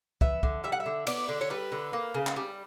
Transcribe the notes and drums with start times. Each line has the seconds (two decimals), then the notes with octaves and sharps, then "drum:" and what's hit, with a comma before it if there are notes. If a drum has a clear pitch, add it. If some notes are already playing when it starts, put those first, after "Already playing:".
0.21 B3 E5, drum: kick
0.43 D3, drum: kick
0.64 G3 E5
0.72 F#5
0.80 E5
0.86 D3
1.07 B3 D5, drum: cymbal
1.29 D3
1.41 C#5
1.50 G3 B4
1.72 D3
1.93 A#3
2.14 C#3
2.27 drum: clap
2.36 G3